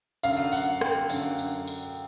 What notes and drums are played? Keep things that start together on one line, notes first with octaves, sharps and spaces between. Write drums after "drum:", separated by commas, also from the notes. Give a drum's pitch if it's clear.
F#2 D3 F5, drum: tambourine
F#5, drum: tambourine
G5, drum: rim click
F#2 D3, drum: tambourine
drum: tambourine
drum: tambourine